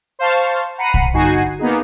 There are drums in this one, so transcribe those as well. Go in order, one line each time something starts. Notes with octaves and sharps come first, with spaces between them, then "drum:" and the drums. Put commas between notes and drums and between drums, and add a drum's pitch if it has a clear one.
C5 F5 A5 C#6
F#5 A#5 B5 C7 C#7 D#7
drum: kick
G1 D#4 F#4 G#5 C7
A#3 B3 D#4 G#4